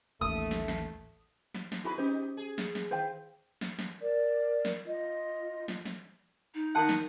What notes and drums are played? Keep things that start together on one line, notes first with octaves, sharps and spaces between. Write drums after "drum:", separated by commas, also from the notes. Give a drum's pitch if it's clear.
A1 D#2 A3 D#6
drum: snare
drum: snare
drum: snare
drum: snare
G2 E4 F#4 G#4 B4 B5
G3 C#4 D#4 G4 C5
G#4
drum: snare
drum: snare
D#3 C5 F5 G5
drum: snare
drum: snare
A#4 D5
drum: snare
F4 D#5
drum: snare
drum: snare
D#4
D#3 F#5 A5
drum: snare